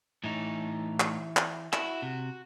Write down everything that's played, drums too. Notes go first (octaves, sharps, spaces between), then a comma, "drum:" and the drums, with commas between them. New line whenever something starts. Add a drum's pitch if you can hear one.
A2 E3 D#4 C#5
drum: clap
drum: clap
E4 F#4, drum: clap
C3